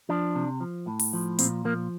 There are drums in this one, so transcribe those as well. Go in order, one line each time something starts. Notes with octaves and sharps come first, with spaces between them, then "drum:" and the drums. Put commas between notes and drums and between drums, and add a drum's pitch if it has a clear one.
F3 D4
C3
F3
A2
drum: open hi-hat
F3
A#2 C4, drum: hi-hat
F3 A#3